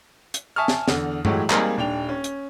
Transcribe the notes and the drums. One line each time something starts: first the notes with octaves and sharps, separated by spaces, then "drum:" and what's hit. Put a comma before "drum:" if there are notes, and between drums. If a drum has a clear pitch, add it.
drum: hi-hat
E5 G#5 A5 C#6 D#6 F6
drum: snare
E2 D3, drum: snare
A2 E3 F#3 G#3 G4, drum: tom G2
G3 G#3 A#3 C4 D#4 G#4, drum: clap
D#1 D4 G5 F7
C#4
drum: hi-hat